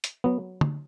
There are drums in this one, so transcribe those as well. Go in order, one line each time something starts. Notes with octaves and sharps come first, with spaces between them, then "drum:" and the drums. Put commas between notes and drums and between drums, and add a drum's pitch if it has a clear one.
drum: hi-hat
F#3 B3
drum: tom